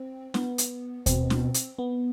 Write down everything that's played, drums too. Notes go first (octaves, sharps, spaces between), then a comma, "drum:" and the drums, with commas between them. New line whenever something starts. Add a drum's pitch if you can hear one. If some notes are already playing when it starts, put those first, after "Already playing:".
Already playing: C4
B3, drum: snare
drum: hi-hat
B2 C4, drum: kick D#2, hi-hat
drum: snare
drum: hi-hat
B3